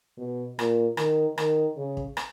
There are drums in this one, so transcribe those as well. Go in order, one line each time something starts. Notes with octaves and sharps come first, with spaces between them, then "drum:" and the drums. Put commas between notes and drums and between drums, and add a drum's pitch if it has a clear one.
B2
A#2, drum: rim click
D#3, drum: rim click
D#3, drum: rim click
C#3
drum: kick
drum: rim click